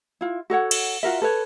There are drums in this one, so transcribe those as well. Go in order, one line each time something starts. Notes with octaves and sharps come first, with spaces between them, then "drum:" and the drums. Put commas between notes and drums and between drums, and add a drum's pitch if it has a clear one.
E4 F4
F#4 A4 C#5 F#5
drum: cymbal
F4 F#4 A#4 E5
A4 B4 C#5